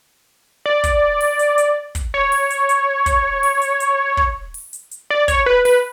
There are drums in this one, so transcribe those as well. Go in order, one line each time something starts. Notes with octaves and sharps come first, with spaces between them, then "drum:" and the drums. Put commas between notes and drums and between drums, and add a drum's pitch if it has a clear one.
D5
drum: kick, hi-hat
drum: open hi-hat
drum: hi-hat
drum: hi-hat
drum: kick, hi-hat
C#5
drum: open hi-hat
drum: hi-hat
drum: hi-hat
drum: kick, hi-hat
drum: open hi-hat
drum: hi-hat
drum: hi-hat
drum: kick
drum: open hi-hat
drum: hi-hat
drum: hi-hat
D5
C#5, drum: kick, hi-hat
B4
B4, drum: open hi-hat